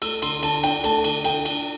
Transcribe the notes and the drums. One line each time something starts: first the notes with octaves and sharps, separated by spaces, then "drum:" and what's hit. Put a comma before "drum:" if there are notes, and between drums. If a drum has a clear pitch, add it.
A3 E6, drum: cymbal
D3 C6, drum: cymbal
D3 A5, drum: cymbal
D4 G5, drum: cymbal
A3 A5, drum: cymbal
D3, drum: cymbal
D3 G5, drum: cymbal
D4, drum: cymbal